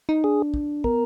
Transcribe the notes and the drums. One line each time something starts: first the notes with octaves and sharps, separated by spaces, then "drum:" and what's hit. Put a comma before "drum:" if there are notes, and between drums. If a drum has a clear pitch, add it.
D#4
D4 G#4
drum: kick
B3 A#4, drum: kick